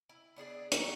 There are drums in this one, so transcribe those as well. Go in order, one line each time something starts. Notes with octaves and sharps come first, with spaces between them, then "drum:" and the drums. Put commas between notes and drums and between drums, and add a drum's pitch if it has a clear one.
E4
B3 D4 G#4 D5
A4 F#5 G5 A#5, drum: hi-hat